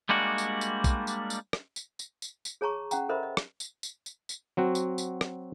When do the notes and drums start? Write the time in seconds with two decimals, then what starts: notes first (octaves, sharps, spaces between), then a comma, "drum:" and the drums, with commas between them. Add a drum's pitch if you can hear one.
0.09 G3 G#3 A#3 D4 F#4
0.38 drum: tambourine
0.61 drum: tambourine
0.84 drum: kick, tambourine
1.07 drum: tambourine
1.30 drum: tambourine
1.53 drum: rim click
1.76 drum: tambourine
1.99 drum: tambourine
2.22 drum: tambourine
2.45 drum: tambourine
2.61 G#4 C#5 A5 A#5 C#6
2.91 C#4 F#5 G5 A#5, drum: tambourine
3.09 A4 A#4 C5 D#5 E5 B5
3.23 D#5
3.37 drum: rim click
3.60 drum: tambourine
3.83 drum: tambourine
4.06 drum: tambourine
4.29 drum: tambourine
4.57 F#3 C4 F#4
4.75 drum: tambourine
4.98 drum: tambourine
5.21 drum: rim click